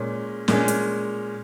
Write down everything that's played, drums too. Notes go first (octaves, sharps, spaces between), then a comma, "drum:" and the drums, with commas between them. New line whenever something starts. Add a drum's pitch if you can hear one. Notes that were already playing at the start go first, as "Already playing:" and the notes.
Already playing: A#2 G#3 C#4
A#2 G#3 C#4, drum: snare
drum: hi-hat